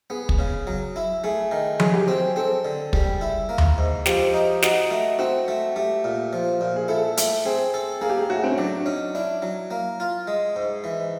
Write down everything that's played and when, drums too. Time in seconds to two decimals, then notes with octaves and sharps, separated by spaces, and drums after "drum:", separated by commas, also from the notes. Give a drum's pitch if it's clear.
0.10 B3 G#4
0.29 drum: kick
0.39 C#3
0.67 F#3
0.96 E4
1.24 A3 G#4
1.51 D#3
1.80 F#3 G#4, drum: tom F3
1.94 G4
2.07 C4 G#4
2.36 C4 A4
2.65 D3
2.93 G3 G#4, drum: kick
3.21 E4
3.49 A#3
3.58 drum: tom D#2
3.78 G#2
4.06 F3 G4, drum: snare
4.34 D#4
4.63 D#4 F#4, drum: snare
4.91 A3
5.19 C4 F#4
5.48 A3
5.75 A3 G4
6.04 A#2
6.33 F3
6.61 A#2
6.76 G#4
6.88 E4 A4
7.17 A3, drum: hi-hat
7.45 C4 G#4
7.74 A4
8.01 A#3 G#4
8.09 G4
8.17 G#4
8.30 A2 F#4
8.44 C4
8.51 C#4
8.58 F#3 D4
8.86 C#4 D#4
9.15 D4 E4
9.42 F#3
9.71 A#3
10.00 F4
10.27 G#3
10.56 G#2
10.84 E3